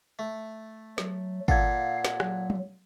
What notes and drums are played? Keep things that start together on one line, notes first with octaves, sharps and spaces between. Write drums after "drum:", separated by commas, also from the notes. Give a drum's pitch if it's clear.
A3
F#3, drum: snare
A#2 A4 F5 F#5 G#6, drum: kick
drum: snare
F#3, drum: rim click
drum: tom